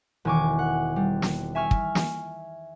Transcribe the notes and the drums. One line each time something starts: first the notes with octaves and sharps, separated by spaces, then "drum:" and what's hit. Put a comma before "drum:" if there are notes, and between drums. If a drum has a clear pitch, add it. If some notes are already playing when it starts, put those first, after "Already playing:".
E1 D#3 G#5 C#6 D6
F#5
G3
drum: snare
E5 G#5 C#6 F6
drum: kick
drum: snare